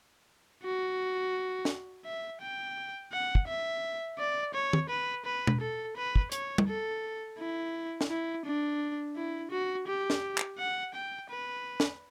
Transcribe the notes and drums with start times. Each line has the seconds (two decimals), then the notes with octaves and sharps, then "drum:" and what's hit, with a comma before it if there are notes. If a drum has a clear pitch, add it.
0.64 F#4
1.65 drum: snare
2.05 E5
2.41 G5
3.11 F#5
3.35 drum: kick
3.48 E5
4.19 D5
4.54 C#5
4.73 drum: tom
4.89 B4
5.25 B4
5.47 drum: tom
5.61 A4
5.97 B4
6.16 drum: kick
6.32 C#5, drum: hi-hat
6.58 drum: tom
6.68 A4
7.38 E4
8.01 drum: snare
8.10 E4
8.45 D4
9.16 E4
9.51 F#4
9.87 G4
10.10 drum: snare
10.38 drum: clap
10.58 F#5
10.94 G5
11.29 B4
11.80 drum: snare